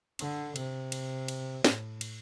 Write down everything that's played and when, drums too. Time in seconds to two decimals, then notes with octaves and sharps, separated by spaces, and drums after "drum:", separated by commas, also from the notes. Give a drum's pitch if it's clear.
0.19 D3, drum: cymbal
0.56 C3, drum: cymbal
0.92 drum: cymbal
1.28 drum: cymbal
1.64 A2, drum: snare
2.01 drum: cymbal